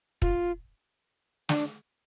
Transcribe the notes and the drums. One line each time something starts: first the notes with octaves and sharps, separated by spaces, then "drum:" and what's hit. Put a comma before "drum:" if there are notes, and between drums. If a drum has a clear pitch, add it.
F4, drum: kick
D4, drum: snare